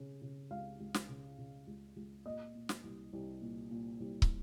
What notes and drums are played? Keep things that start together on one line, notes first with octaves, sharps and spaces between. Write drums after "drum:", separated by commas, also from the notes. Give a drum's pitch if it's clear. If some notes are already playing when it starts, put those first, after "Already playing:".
Already playing: C#3
C#3
C#2 F5
C#2
drum: snare
C#3
C#3
C#2
C#2
A#2 D#5
A#2
drum: snare
C2
C2
A#2
A#2
C2
drum: kick